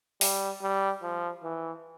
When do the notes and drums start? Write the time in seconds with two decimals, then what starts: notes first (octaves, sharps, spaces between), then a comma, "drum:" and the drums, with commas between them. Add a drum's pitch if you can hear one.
0.21 G3, drum: open hi-hat
0.62 G3
1.03 F3
1.44 E3